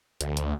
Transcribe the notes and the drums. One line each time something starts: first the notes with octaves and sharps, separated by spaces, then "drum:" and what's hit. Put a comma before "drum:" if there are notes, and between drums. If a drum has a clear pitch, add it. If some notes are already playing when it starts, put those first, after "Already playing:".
D2, drum: hi-hat
drum: hi-hat